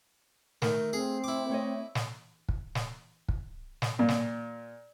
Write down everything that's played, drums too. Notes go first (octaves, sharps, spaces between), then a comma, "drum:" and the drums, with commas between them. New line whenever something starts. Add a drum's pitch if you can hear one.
D#3 A3, drum: snare
C4 G#4
E4 D6
A3 C#5 D#5
drum: snare
drum: kick
drum: snare
drum: kick
drum: snare
A#2
drum: snare